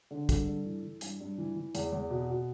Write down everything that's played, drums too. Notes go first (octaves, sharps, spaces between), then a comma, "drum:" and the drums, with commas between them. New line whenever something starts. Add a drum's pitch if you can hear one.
D3
G2 A4, drum: kick, hi-hat
G2
E3
E3
G2, drum: hi-hat
G2
E3
E3
E2, drum: hi-hat
E2
B2
B2